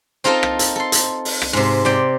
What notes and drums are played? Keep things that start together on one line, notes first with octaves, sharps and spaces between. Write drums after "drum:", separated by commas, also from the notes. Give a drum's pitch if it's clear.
C4 D#4 F4 A4 A#4 A5
drum: rim click
drum: hi-hat
A4 C6
drum: hi-hat
drum: open hi-hat
drum: rim click
G#2 C3
C3 D5 G5